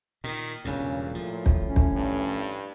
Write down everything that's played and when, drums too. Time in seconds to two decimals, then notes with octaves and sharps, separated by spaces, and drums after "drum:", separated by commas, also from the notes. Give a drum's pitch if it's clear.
0.24 A#2 D#3
0.65 E1 E2 G2 A#2 C#3
1.15 A2 F3
1.46 drum: kick
1.67 C#4
1.76 drum: kick
1.96 G2